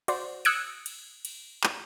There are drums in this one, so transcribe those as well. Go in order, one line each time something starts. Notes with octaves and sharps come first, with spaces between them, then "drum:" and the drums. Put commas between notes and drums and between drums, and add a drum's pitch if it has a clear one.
F#4 C5 D5, drum: cymbal
D#6 E6 F#6 G#6 C#7 D7, drum: cymbal
drum: cymbal
drum: cymbal
drum: clap